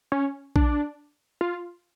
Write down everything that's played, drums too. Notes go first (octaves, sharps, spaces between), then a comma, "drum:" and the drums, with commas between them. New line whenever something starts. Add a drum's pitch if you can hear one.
C#4
D4, drum: kick A#1
F4